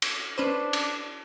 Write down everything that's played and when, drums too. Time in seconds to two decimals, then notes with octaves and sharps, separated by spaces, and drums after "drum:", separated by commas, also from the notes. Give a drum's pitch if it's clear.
0.02 drum: cymbal
0.38 C#4 D4 B4 C5
0.73 drum: cymbal